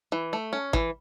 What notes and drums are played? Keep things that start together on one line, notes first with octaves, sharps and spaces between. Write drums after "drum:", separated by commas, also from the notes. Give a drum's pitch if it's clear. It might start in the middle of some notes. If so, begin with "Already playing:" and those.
E3
A3
C#4
E3, drum: kick